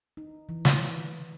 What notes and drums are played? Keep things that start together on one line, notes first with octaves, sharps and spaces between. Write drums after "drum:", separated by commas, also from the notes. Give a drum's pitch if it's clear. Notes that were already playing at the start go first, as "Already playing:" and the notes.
D#4
E3
drum: snare